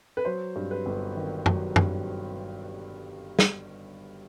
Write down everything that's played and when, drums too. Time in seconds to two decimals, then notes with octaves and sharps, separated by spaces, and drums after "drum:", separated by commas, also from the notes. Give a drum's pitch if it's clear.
0.17 B4
0.25 F#3 C5
0.56 G2
0.71 B4
0.86 G1
1.17 D#3
1.46 F#3, drum: tom
1.76 G2, drum: tom
3.39 drum: snare